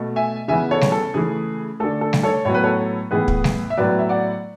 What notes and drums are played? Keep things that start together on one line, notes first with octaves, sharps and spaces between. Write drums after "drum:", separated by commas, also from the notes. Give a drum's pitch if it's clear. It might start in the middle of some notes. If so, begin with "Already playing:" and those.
Already playing: B2 A3
E5 G#5
C#3 E3 B3 E5 G#5
A4 C#5
drum: snare G3
A4
C#3 E3 A3 G#4
D3 A3 A4
A4
drum: snare G3
A4 C#5
A2 F#3 B3 C#5
B4
A4 C#5
A2 E3 B3 G#4 B4
drum: kick
drum: snare G3
E5
A2 F#3 B3 B4 D5
E5
D5 F#5